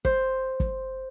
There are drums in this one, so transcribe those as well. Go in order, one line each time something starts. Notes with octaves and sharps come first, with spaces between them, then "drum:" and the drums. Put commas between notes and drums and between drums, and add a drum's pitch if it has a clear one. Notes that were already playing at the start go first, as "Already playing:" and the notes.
C5, drum: kick
drum: kick